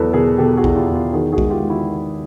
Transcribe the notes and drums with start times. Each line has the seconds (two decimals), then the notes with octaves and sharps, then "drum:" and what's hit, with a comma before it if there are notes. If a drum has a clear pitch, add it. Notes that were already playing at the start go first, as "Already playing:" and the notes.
Already playing: E2 F#3 A4 B4
0.13 B2 G#4 A#4
0.38 B2 G4 A4
0.57 F#4 G#4
0.64 E2, drum: kick B1
0.76 F4 G4
0.88 E2
0.94 F4 G4
1.13 D#3 F#4 G#4
1.32 F#4 G#4
1.38 G#3, drum: kick B1
1.50 F4 G4
1.63 G#3
1.69 E4 F#4
1.89 D#3